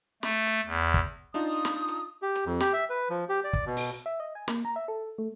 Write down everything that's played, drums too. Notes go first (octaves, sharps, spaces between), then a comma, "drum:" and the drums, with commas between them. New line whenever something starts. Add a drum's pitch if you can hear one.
A3, drum: snare
drum: hi-hat
E2
drum: kick, hi-hat
D4 D#4 F4 D#6
drum: snare
drum: hi-hat
G4
drum: hi-hat
F2
G4, drum: snare
E5
B4
F3
G4
D5
drum: kick
B2
drum: open hi-hat
E5
D#5
G#5
A#3, drum: snare
A#5
E5
A4
A3